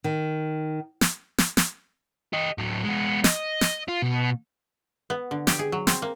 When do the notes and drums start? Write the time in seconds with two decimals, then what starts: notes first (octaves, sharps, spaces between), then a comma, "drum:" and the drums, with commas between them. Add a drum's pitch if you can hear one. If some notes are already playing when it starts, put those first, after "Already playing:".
0.04 D#3
1.01 drum: snare
1.38 drum: snare
1.57 drum: snare
2.33 G4 D#5
2.58 A2 F#3
2.84 G#3 B3
3.24 D#5, drum: snare
3.61 drum: snare
3.88 F4
4.02 B2
5.10 B3
5.31 D3
5.47 G4, drum: snare
5.59 G#4
5.72 F#3
5.87 C4, drum: snare
6.02 A#3